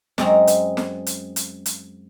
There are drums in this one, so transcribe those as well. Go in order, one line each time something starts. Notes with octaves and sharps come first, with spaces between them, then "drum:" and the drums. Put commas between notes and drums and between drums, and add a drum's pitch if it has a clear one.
F#2 G#3 C4 A#5, drum: snare
drum: hi-hat
drum: snare
drum: hi-hat
drum: hi-hat
drum: hi-hat